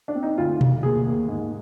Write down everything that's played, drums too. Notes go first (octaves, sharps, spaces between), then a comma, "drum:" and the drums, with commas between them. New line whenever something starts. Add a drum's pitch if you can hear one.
D4
C4
D#4
D2 F4
D2, drum: tom B2
D#2 G#4
D#2
G#2